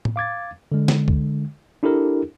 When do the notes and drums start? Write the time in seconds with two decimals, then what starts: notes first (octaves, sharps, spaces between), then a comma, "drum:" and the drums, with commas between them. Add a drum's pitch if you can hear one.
0.05 drum: tom A2
0.16 F5 D6 G#6 A6
0.72 D3 G#3
0.88 drum: snare
1.08 drum: kick
1.83 D4 E4 G4 A4 A#4